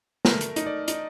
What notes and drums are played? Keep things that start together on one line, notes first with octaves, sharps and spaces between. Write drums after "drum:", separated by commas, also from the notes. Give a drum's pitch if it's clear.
A3 A#4, drum: snare
drum: hi-hat
D#4, drum: hi-hat
D5
D#4 D#5, drum: hi-hat